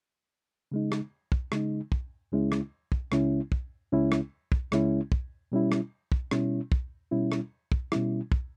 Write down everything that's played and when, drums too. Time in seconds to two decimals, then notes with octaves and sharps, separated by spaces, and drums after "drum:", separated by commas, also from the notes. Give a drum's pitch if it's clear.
0.72 C#3 G#3 D#4
0.92 drum: rim click
1.32 drum: kick
1.52 C#3 G#3 D#4, drum: rim click
1.92 drum: kick
2.32 C#2 C#3 G#3 C#4 E4
2.52 drum: rim click
2.92 drum: kick
3.12 C#2 C#3 G#3 C#4 E4, drum: rim click
3.52 drum: kick
3.92 C#2 C#3 G#3 C#4 E4
4.12 drum: rim click
4.52 drum: kick
4.72 C#2 C#3 G#3 C#4 E4, drum: rim click
5.12 drum: kick
5.52 B2 G3 C#4 E4
5.72 drum: rim click
6.12 drum: kick
6.31 B2 G3 C#4 E4, drum: rim click
6.72 drum: kick
7.11 B2 G3 C#4 E4
7.32 drum: rim click
7.72 drum: kick
7.92 B2 G3 C#4 E4, drum: rim click
8.32 drum: kick